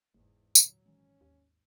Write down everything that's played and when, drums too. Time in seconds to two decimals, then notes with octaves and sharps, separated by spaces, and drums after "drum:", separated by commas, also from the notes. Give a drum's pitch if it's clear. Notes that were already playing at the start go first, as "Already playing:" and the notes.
0.14 F#1 E2 G#2
0.55 E2 A#2 D3 F#3, drum: tambourine
0.86 G#1 D#3 E3 G#3 C#4
1.21 D#2